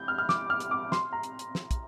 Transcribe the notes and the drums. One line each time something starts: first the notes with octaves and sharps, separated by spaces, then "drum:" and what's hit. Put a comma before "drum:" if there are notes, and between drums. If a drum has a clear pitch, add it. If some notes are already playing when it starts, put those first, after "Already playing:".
Already playing: G6
F6
F6
D6, drum: snare
F6
drum: hi-hat
D6
C6, drum: snare
A#5
drum: hi-hat
drum: hi-hat
drum: snare
drum: kick, hi-hat